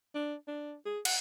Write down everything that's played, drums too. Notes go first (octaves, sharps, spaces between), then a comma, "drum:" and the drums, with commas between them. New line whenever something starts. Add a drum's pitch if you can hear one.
D4
D4
G#4
F#5, drum: cymbal